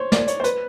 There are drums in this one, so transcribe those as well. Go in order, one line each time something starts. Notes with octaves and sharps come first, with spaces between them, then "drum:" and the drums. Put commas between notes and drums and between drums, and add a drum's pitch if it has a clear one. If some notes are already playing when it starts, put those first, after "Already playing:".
Already playing: C5 C#5
D5, drum: snare
C#5, drum: hi-hat
C5
B4, drum: hi-hat